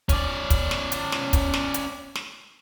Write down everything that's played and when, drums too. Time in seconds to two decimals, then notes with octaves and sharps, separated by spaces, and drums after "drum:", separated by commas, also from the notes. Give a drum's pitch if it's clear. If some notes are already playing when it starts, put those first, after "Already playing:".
0.09 C#4 D5, drum: kick, hi-hat
0.50 drum: kick, hi-hat
0.71 drum: snare
0.92 drum: hi-hat
1.12 drum: snare
1.33 drum: kick, hi-hat
1.54 drum: snare
1.74 drum: hi-hat
2.15 drum: snare